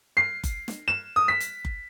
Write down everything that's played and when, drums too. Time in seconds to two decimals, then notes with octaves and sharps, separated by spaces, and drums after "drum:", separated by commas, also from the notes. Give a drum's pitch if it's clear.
0.17 C7
0.44 drum: kick F#1, hi-hat
0.68 drum: snare
0.88 E7
1.16 D#6
1.28 B6
1.40 drum: hi-hat
1.65 drum: kick F#1